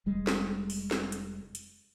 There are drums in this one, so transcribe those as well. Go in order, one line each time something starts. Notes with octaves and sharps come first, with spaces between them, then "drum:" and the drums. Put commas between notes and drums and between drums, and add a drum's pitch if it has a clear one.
F1 G3 G#3
drum: snare
drum: open hi-hat
drum: snare
drum: hi-hat
drum: hi-hat